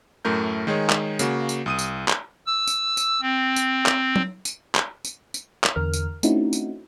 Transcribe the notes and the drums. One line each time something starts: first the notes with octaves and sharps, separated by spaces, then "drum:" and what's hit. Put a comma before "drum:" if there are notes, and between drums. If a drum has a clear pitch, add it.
F#2 A2 A3 A#4 G6
D#3 G#3 D#4 G#4 C#5
drum: clap
C#3 A#3 F#4, drum: tambourine
drum: tambourine
C2 D#6 D#7
drum: tambourine
drum: clap
E6
drum: tambourine
drum: tambourine
C4
drum: tambourine
drum: clap
drum: tom F#3
drum: tambourine
drum: clap
drum: tambourine
drum: tambourine
drum: clap
E2 D3 A#4 F6
drum: tambourine
A3 C4 C#4 D#4 E4 F#4, drum: tambourine
drum: tambourine